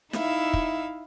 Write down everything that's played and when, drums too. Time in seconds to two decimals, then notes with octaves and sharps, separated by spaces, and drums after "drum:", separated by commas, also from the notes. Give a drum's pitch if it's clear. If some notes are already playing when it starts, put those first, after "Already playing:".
0.13 D#4 E4 E5 F5, drum: snare
0.54 drum: kick